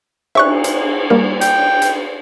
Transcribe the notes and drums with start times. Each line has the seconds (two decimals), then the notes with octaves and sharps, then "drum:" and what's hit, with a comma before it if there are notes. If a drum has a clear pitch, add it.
0.35 E5 C#6 F#6, drum: cymbal
0.64 drum: hi-hat
1.10 G3 A#3 A#4
1.41 G5, drum: hi-hat
1.82 drum: hi-hat